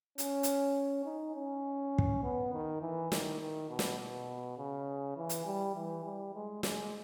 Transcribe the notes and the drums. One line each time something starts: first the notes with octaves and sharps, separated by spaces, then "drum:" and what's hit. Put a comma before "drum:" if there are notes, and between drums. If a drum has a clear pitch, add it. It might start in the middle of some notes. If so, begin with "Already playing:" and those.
C#4, drum: hi-hat
drum: hi-hat
D#4
C#4
drum: kick
B3
D#3
E3
D#3, drum: snare
D#3
B2
drum: snare
B2
C#3
E3
drum: hi-hat
G3
E3
G3
G#3
G#3, drum: snare